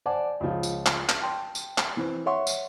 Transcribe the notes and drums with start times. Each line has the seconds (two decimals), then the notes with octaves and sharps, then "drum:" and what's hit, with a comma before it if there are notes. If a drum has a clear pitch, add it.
0.06 C5 D5 F#5 G#5 A5 D6
0.40 C#2 F3
0.63 drum: tambourine
0.86 drum: clap
1.09 drum: clap
1.22 G5 A5 C6
1.55 drum: tambourine
1.78 drum: clap
1.97 E3 C4
2.26 C#5 E5 F#5 C6 C#6
2.47 drum: tambourine